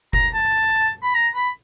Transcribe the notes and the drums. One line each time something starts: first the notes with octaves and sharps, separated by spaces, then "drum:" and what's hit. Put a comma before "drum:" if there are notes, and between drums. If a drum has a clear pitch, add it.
A#5, drum: kick F1
A5
B5
A#5
B5